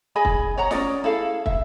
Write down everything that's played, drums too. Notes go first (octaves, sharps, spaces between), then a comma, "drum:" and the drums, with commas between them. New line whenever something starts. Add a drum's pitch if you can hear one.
G#4 D#5 G#5 B5
drum: kick
C#5 F#5 A#5
C#4 F4 D5 D#5, drum: snare
E4 G#4 A4 F5
E5, drum: kick